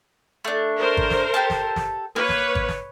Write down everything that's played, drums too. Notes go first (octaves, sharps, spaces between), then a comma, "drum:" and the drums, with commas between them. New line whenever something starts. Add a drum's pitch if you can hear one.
A3 D4
A#4 C5
drum: kick G#1
drum: snare
G4 A4 A5
drum: snare
drum: snare
A#3 B4 C#5
drum: snare
drum: kick G#1
drum: snare